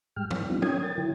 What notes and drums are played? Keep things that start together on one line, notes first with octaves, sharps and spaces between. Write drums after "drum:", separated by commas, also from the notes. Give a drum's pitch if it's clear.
G#2 G3 G#3 G5 F6
E3, drum: tom
G3 B3 C4 D4 D#4 F4
C#4 C#5 G5 D#6 G#6, drum: tom
A#4 G5 A6
D3 F#3 E4